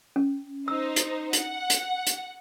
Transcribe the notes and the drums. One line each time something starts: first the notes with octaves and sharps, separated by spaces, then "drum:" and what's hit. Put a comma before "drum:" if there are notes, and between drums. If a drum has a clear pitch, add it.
C#4
D#4 C5 E6
drum: hi-hat
F#5, drum: hi-hat
drum: hi-hat
drum: hi-hat